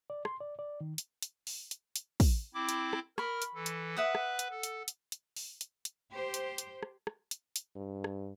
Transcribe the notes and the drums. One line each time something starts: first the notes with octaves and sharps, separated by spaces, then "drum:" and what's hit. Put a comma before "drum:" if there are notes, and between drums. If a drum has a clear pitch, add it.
D5
C6, drum: rim click
D5
D5
D#3
drum: hi-hat
drum: hi-hat
drum: open hi-hat
drum: hi-hat
drum: hi-hat
drum: kick, open hi-hat
C4 E4 D6
drum: hi-hat
drum: rim click
A#4 B5 C#6 F6, drum: rim click
drum: hi-hat
E3 A4
drum: hi-hat
B4 E5 F#5 D#6
drum: rim click
drum: hi-hat
A4
drum: hi-hat
drum: hi-hat
drum: hi-hat
drum: open hi-hat
drum: hi-hat
drum: hi-hat
G4 C5
drum: hi-hat
drum: hi-hat
drum: rim click
drum: rim click
drum: hi-hat
drum: hi-hat
G2
drum: rim click